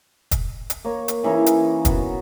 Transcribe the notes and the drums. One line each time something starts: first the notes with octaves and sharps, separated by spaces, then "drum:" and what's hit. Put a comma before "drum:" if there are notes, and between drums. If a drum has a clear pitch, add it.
drum: kick, hi-hat
drum: hi-hat
A#3 C#5
drum: hi-hat
C#3 E3 D#4 C#5
drum: hi-hat
B3 F#4, drum: kick, hi-hat